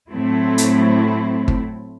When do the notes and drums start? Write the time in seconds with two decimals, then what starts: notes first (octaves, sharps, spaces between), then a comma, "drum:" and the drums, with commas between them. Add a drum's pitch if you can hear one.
0.10 A2 F#3 A3 C4 E4
0.58 drum: hi-hat
1.48 drum: kick G1